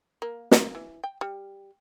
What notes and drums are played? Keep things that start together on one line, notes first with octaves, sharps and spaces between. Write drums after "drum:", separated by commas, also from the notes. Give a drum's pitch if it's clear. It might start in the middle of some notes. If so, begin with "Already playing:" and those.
A#3
A#3, drum: snare
E3
G5
G3